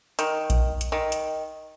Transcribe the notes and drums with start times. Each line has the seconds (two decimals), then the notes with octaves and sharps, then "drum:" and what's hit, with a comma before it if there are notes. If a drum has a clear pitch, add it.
0.19 D#3, drum: hi-hat
0.50 drum: kick A#1, hi-hat
0.81 drum: hi-hat
0.92 D#3
1.12 drum: hi-hat